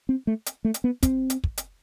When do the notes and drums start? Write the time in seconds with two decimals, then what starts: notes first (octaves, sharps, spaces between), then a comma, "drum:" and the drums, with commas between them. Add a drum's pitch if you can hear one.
0.09 C4
0.27 A3
0.46 drum: hi-hat
0.65 A3
0.74 drum: hi-hat
0.84 B3
1.03 C4, drum: kick, hi-hat
1.30 drum: hi-hat
1.44 drum: kick
1.58 drum: hi-hat